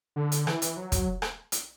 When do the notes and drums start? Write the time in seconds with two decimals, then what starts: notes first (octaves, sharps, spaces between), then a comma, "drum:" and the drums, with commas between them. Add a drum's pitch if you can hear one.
0.16 D3
0.32 drum: hi-hat
0.47 E3, drum: rim click
0.62 drum: hi-hat
0.77 F#3
0.92 drum: kick, hi-hat
1.22 drum: rim click
1.52 drum: hi-hat